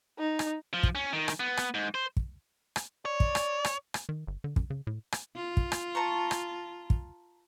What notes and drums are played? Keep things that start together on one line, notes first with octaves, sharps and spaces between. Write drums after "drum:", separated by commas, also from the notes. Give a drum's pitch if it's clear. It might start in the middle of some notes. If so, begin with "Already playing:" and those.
D#4
drum: rim click
F3
drum: kick
C#4
D#3
drum: rim click
B3
drum: rim click
G#2
C5
drum: kick
drum: rim click
C#5 D5
drum: kick
drum: rim click
drum: rim click
drum: rim click
D#3
G1
D3
F#2, drum: kick
C#3
A2
drum: rim click
F4
drum: kick
drum: rim click
A5 A#5 C#6
drum: rim click
drum: kick